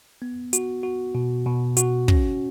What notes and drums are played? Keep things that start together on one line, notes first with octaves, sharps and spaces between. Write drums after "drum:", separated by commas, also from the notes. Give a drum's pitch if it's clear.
B3
F#4, drum: hi-hat
F#4
B2
B2
F#4, drum: hi-hat
C#4, drum: kick